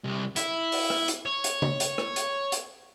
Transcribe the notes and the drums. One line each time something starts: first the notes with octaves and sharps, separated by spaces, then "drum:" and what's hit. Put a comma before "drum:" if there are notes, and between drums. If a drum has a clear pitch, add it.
C2
E4, drum: hi-hat
drum: open hi-hat
drum: rim click
drum: hi-hat
C#5
drum: hi-hat
drum: tom C#3
drum: hi-hat
drum: rim click
drum: hi-hat
drum: hi-hat